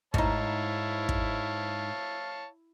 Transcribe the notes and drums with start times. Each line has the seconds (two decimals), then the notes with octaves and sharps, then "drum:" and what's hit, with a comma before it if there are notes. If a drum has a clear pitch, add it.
0.14 G#2 D#4 E4 C#5 F5 A5, drum: kick
1.09 drum: kick